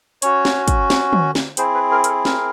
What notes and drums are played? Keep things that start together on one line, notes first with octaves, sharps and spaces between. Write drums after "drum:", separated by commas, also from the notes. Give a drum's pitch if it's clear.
C#4 F#4 C#5, drum: hi-hat
drum: snare
drum: kick, hi-hat
drum: snare
drum: tom
drum: snare
C4 E4 G#4 C5, drum: hi-hat
B4
A#4
A#4, drum: hi-hat
A4
A#4, drum: snare